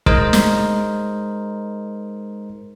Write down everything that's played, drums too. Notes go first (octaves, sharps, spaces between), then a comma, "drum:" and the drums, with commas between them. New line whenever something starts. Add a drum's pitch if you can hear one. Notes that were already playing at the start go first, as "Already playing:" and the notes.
G#3 D#4 A#4 C5 D#5, drum: kick
drum: snare